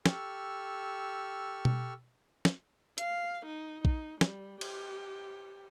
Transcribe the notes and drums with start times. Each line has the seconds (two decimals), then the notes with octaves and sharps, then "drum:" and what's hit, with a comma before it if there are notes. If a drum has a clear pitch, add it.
0.06 G4 A4 C#6 E6 F6, drum: snare
1.65 drum: tom B2
2.45 drum: snare
2.98 F5, drum: hi-hat
3.46 D#4
3.85 D#4, drum: kick
4.21 G3, drum: snare
4.61 G4, drum: cymbal